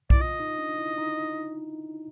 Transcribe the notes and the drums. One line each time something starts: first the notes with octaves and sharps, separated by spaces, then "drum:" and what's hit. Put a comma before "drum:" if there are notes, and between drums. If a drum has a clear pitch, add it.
E4 D5, drum: kick B1
F4 D#5
D#4
D4
E4
D#4